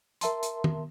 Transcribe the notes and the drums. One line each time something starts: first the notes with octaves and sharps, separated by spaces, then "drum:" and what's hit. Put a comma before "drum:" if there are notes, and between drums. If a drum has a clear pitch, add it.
A#4 E5 A5 C6, drum: hi-hat
drum: hi-hat
drum: tom